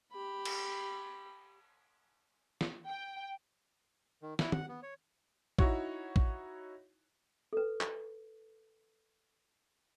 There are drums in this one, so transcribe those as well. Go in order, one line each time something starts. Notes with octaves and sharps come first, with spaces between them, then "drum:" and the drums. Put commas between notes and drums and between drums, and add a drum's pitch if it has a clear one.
G4 B5
drum: cymbal
drum: snare
G5
D#3
E4, drum: snare
F#5, drum: tom D#3
B3
C#5
D#4 E4 F#4 C#5, drum: kick
drum: kick
A4 B4
drum: clap